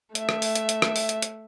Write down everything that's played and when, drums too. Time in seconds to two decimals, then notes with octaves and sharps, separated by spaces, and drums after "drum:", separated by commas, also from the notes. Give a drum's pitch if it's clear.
0.15 A3 E5, drum: hi-hat
0.29 drum: rim click
0.42 drum: open hi-hat
0.55 drum: hi-hat
0.69 drum: hi-hat
0.82 drum: rim click
0.96 drum: open hi-hat
1.09 drum: hi-hat
1.22 drum: hi-hat